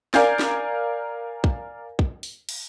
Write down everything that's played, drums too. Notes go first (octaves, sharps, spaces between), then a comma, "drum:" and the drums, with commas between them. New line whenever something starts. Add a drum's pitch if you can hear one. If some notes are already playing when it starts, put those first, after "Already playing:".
A#4 D5 F5 G#5 G6 G#6, drum: snare
drum: snare
drum: kick
drum: kick
drum: open hi-hat
drum: cymbal